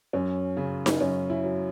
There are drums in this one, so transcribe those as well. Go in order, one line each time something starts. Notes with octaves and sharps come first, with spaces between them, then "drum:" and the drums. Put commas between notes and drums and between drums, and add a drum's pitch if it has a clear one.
F#2 C#4
C#3
drum: snare D#4
F#2 C#4
E4
F#3